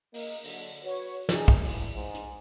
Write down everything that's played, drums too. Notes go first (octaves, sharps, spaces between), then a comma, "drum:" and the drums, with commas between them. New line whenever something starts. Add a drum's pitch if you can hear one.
A#3 D#5, drum: open hi-hat
D3 F#3, drum: open hi-hat
F#4 B4 C#5
E3 C#4 D#4 G#4, drum: snare
drum: kick
D3 E3, drum: open hi-hat
G#2
drum: hi-hat